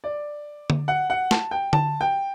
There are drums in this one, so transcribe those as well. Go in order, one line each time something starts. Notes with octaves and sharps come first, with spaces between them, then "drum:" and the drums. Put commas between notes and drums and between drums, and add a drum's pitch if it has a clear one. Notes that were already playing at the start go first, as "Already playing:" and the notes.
D5
drum: tom D3
F#5
F#5
A5, drum: snare
G5
A5, drum: tom D3
G5